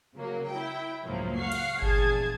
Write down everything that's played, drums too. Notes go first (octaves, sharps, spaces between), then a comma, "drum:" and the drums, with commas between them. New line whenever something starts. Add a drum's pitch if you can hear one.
C#3 F#3 A#3
E4 G5
C#2 F#2 A2 F3 F#3 A#3
F5 F#5 C#6 C7
drum: cymbal
A#1 E2 G#4 A5 G#6, drum: kick G1